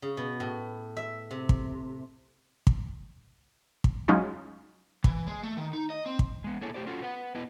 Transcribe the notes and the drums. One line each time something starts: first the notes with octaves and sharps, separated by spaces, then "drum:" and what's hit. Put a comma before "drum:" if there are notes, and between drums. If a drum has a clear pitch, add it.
C#3
B2
A2
E5
C3
drum: kick
drum: kick
drum: kick
F#3 G#3 C#4 D#4 F4
E3, drum: kick
G#3
A3
D#3
D#4
D#5
C4
drum: kick
G#3 B3
A#3 D4 E4 G#4 A4 C#5
A3 G4 C5 D5
C#4 F4 F#4 A4
B4 F#5
B3 E4 B4 D#5